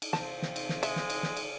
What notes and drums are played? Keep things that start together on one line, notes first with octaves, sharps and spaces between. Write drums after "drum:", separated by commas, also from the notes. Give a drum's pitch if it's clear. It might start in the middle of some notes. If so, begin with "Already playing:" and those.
drum: cymbal
C3 C4 F4 A5, drum: snare
drum: snare
drum: cymbal
drum: snare
G#3 E5, drum: cymbal
drum: snare
drum: cymbal
drum: snare
drum: cymbal